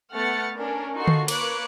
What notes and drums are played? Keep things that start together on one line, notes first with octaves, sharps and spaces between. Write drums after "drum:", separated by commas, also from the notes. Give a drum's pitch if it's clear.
A3 B3 F#5 F6 A6 C#7
C#4 D4 A#4
D#4 F4 F#4 A4 C#6 C7
drum: tom D3
A#3 B4 C#5 D6 F#6, drum: cymbal